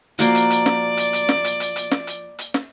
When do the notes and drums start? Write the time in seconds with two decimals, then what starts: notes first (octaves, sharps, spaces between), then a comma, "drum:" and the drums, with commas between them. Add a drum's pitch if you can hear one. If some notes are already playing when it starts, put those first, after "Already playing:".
0.19 F3 A#3 F#4 D5, drum: hi-hat
0.35 drum: hi-hat
0.50 drum: hi-hat
0.66 drum: snare
0.97 drum: hi-hat
1.13 drum: hi-hat
1.29 drum: snare
1.44 drum: hi-hat
1.60 drum: hi-hat
1.76 drum: hi-hat
1.91 drum: snare
2.07 drum: hi-hat
2.39 drum: hi-hat
2.54 drum: snare